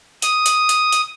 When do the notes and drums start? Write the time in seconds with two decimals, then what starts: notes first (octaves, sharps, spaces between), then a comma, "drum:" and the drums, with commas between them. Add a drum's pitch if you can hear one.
0.22 D#6, drum: hi-hat
0.46 drum: hi-hat
0.69 drum: hi-hat
0.92 drum: hi-hat